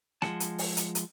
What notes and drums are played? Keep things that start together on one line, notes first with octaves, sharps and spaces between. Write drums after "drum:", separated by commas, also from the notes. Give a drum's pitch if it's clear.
F3 G#3 G#4 D#5 F#5 A5, drum: rim click
drum: hi-hat
drum: open hi-hat
drum: hi-hat
drum: hi-hat